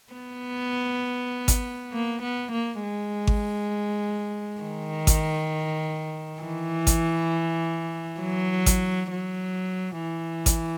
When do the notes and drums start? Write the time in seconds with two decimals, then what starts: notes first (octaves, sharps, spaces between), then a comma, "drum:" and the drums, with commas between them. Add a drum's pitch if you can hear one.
0.13 B3
1.48 drum: kick G#1, hi-hat
1.93 A#3
2.23 B3
2.52 A#3
2.83 G#3
3.27 drum: kick G#1
4.62 D#3
5.07 drum: kick G#1, hi-hat
6.42 E3
6.87 drum: kick G#1, hi-hat
8.21 F#3
8.66 drum: kick G#1, hi-hat
9.11 F#3
10.02 E3
10.46 drum: kick G#1, hi-hat